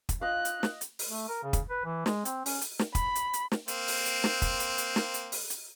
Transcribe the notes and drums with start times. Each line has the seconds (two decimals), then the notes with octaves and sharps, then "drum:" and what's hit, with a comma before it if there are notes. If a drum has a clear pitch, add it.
0.09 drum: kick, hi-hat
0.21 F4 D#5 F5 F#6
0.45 drum: hi-hat
0.63 drum: snare
0.81 drum: hi-hat
0.99 drum: open hi-hat
1.09 A3
1.28 A#4
1.43 C#3
1.53 drum: kick, hi-hat
1.70 B4
1.85 E3
2.06 G#3, drum: snare
2.25 C4, drum: hi-hat
2.46 C#4, drum: open hi-hat
2.61 drum: hi-hat
2.79 drum: snare
2.95 B5, drum: kick, hi-hat
3.15 drum: hi-hat
3.33 drum: hi-hat
3.52 drum: snare
3.68 A#3 C4, drum: hi-hat
3.88 drum: open hi-hat
4.06 drum: hi-hat
4.24 drum: snare
4.42 drum: kick, hi-hat
4.60 drum: hi-hat
4.78 drum: hi-hat
4.96 drum: snare
5.14 drum: hi-hat
5.32 drum: open hi-hat
5.50 drum: hi-hat